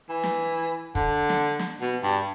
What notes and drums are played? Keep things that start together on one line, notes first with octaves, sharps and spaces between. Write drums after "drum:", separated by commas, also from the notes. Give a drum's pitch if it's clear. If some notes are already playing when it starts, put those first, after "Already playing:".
E3
drum: snare
D3, drum: kick
drum: snare
drum: snare
B2
G2